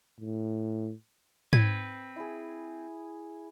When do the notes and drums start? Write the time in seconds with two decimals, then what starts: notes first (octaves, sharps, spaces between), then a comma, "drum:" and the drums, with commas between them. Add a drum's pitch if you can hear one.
0.21 A2
1.53 C4 B4 G#6, drum: tom G#2
2.16 E4 G#4